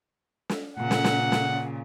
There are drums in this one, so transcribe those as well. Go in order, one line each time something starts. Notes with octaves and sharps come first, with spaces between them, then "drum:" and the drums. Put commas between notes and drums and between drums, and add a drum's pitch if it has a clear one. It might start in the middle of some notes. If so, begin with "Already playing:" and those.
drum: snare
A#2 C#3 F#5
drum: snare
drum: snare
drum: snare